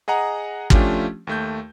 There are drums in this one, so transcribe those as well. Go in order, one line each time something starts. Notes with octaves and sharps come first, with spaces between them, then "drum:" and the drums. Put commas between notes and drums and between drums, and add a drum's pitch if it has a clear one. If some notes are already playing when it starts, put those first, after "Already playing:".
G#4 D#5 F#5 A#5
F3 A3 C#4 D4 F4 G4, drum: kick
D#2 A3 G6